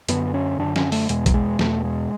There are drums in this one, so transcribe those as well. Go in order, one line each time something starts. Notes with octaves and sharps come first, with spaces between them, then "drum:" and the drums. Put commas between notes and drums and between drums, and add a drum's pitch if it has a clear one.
F#2 D3 B3, drum: hi-hat
C#4
F#2 D3 D4
C#4, drum: snare
A3, drum: open hi-hat
E2 B2 G#3, drum: hi-hat
F#3, drum: kick A#1, hi-hat
G#3
E2 B2 A3, drum: snare
G#3